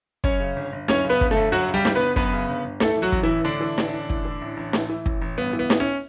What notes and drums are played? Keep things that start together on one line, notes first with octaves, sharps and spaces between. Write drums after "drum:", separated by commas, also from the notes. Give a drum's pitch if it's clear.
F#2 C#4 C#5, drum: kick
C#3
G1
G1
F#2 C#4 C#5, drum: snare
C#3
B3 B4
G1, drum: kick
A3 A4
G1
F#2 F#3 F#4
C#3
G3 G4
G1, drum: snare
G1 B3 B4
F#2 B3 B4, drum: kick
C#3
G1
G1
A2 A3 A4, drum: snare
E3
F#3 F#4
A1, drum: kick
E3 E4
A1
A2 D3 D4
E3
A1, drum: snare
A1
A2, drum: kick
E3
A1
A1
A2, drum: snare
E3
A1, drum: kick
A1
G2 B3
E3
B3
A1, drum: snare
C#4